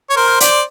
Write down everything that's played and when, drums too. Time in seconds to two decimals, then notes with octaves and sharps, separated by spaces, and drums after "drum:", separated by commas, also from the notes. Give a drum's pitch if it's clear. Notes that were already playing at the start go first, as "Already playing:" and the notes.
0.10 C#5
0.16 A#4 C5
0.40 C5 D5, drum: hi-hat